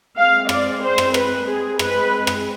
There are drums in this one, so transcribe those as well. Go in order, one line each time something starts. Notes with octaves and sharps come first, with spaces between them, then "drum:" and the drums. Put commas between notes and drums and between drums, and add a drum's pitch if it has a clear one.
G#3 C4 F5
D5, drum: rim click
C5
drum: rim click
B4, drum: rim click
G#3 C4 G#4
B4, drum: rim click
drum: rim click